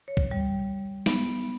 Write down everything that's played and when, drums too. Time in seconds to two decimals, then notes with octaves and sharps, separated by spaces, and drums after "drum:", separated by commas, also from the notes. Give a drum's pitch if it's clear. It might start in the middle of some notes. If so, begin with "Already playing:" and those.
0.08 C#5
0.17 drum: kick
0.31 G3
1.06 B3, drum: snare